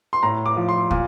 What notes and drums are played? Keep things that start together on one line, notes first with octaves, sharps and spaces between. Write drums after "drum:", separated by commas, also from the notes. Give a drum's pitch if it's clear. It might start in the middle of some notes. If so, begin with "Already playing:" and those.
C6
A2 A#5
D6
F3
C6
A#2, drum: kick